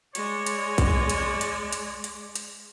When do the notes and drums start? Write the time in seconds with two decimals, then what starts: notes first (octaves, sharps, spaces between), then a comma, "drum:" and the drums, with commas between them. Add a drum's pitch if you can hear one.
0.15 G#3 C#5 D5, drum: hi-hat
0.47 drum: hi-hat
0.78 drum: kick A#1, hi-hat
1.10 drum: hi-hat
1.41 drum: hi-hat
1.73 drum: hi-hat
2.04 drum: hi-hat
2.36 drum: hi-hat